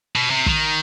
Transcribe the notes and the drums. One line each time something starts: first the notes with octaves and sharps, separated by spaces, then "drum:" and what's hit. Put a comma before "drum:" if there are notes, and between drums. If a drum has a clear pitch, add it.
B2
C3
D#3, drum: kick